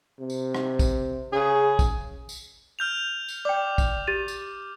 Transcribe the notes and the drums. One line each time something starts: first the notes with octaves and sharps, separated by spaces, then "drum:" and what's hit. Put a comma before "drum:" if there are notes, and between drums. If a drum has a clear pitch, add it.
C3
drum: tambourine
drum: rim click
drum: kick, tambourine
C#3 G#4
drum: kick, tambourine
drum: tambourine
F6 G6 F7
drum: tambourine
D5 G5 D6
drum: kick, tambourine
G4 A6 D#7
drum: tambourine